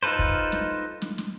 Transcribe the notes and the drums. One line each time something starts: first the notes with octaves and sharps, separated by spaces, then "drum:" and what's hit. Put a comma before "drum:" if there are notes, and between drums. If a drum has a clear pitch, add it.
D#4 F4 A4 B4 C5
drum: kick
drum: snare
drum: snare
drum: snare